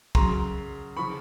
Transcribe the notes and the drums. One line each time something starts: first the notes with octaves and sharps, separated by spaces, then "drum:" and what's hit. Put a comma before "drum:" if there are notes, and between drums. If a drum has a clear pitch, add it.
F#2 C#3 F#3 A#5 C6, drum: kick
C#3 F3 B5 C#6